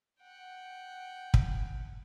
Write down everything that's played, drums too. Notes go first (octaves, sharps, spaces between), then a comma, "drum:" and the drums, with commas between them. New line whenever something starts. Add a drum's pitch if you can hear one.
F#5 G5
drum: kick